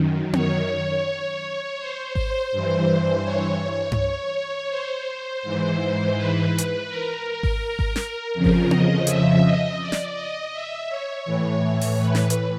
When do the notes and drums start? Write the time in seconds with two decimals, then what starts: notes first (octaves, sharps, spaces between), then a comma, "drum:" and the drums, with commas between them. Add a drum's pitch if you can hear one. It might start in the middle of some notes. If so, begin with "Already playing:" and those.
Already playing: F#2 D#3
0.33 C#5, drum: tom B3
1.79 C5
2.15 C5, drum: kick G#1
2.52 G2 E3
3.25 C#5
3.92 drum: tom G2
4.70 C5
5.43 G#2 E3
6.16 B4
6.58 drum: hi-hat
6.89 A#4
7.43 drum: kick G#1
7.79 drum: kick G#1
7.96 drum: snare
8.34 F2 C#3 F3 A#4
8.44 drum: kick G#1
8.71 D#5, drum: tom B3
9.07 E5, drum: hi-hat
9.44 D#5
9.80 D5
9.92 drum: snare
10.16 D#5
10.53 E5
10.89 C#5
11.25 A2 E3
11.81 drum: open hi-hat
11.98 B4
12.15 drum: snare
12.30 drum: hi-hat